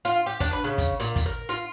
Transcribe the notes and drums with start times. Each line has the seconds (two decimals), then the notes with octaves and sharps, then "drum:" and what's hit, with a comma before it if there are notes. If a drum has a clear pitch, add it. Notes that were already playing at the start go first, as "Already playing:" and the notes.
0.05 F4
0.26 G4
0.40 D4, drum: kick, hi-hat
0.53 B4
0.64 C#3
0.78 drum: kick, hi-hat
1.00 A#2, drum: hi-hat
1.16 drum: kick, hi-hat
1.26 A#4
1.49 F4